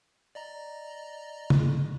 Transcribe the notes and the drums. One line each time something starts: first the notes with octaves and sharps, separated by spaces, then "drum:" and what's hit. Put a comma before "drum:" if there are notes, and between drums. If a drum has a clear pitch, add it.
D5 D#5 A#5
drum: tom C#3